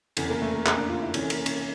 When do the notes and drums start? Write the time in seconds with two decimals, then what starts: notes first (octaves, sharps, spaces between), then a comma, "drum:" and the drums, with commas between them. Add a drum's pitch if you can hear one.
0.17 F1 E2 C#3 E3, drum: cymbal
0.30 A#3
0.42 A3
0.54 A#3
0.66 A#3, drum: clap
0.77 D4
0.89 F4
1.02 E4
1.14 F1 F2 E3 C#4, drum: cymbal
1.30 A#3, drum: cymbal
1.46 C#4, drum: cymbal